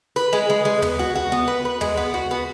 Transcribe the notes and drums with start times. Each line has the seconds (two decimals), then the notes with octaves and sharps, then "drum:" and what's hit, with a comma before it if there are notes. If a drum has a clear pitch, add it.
0.16 B4
0.33 G#3
0.50 G#3
0.65 G#3
0.82 B3, drum: tom
0.99 F#4
1.15 F#4
1.32 B3
1.48 B4
1.65 B4
1.81 G#3, drum: tom
1.97 B3
2.14 F#4
2.31 B3